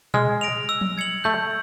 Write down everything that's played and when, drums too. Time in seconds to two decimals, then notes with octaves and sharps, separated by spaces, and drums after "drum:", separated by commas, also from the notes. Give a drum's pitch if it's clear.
0.14 G#3 F6, drum: tom A#2
0.41 A#6 D7 F7
0.69 E6
0.81 drum: tom F3
0.98 G#6 C#7 F#7
1.24 A3 G6